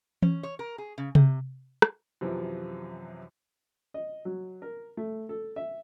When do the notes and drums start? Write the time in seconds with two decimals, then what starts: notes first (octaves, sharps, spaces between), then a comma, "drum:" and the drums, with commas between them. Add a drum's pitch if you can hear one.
0.22 C#4, drum: tom E3
0.43 C#5
0.59 A#4
0.78 G#4
0.98 C#3
1.15 C3, drum: tom C3
1.82 drum: rim click
2.21 F#2 C3 E3 F3
3.94 D#5
4.25 F#3
4.62 A#4
4.97 A3
5.29 A4
5.56 E5